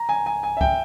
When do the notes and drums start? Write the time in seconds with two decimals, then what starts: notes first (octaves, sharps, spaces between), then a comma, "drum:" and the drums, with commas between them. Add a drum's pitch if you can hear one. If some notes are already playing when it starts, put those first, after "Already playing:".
Already playing: A#5
0.09 G#5
0.26 G#5
0.43 G#5
0.57 E5
0.61 G5, drum: kick C2